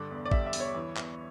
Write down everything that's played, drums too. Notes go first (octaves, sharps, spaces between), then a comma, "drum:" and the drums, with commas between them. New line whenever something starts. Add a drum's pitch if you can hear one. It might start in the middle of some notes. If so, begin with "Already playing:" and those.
Already playing: G2 D3 D5
E2
D5
G3 E5, drum: kick A1
E5
E2, drum: open hi-hat
C#5
E3
E2, drum: clap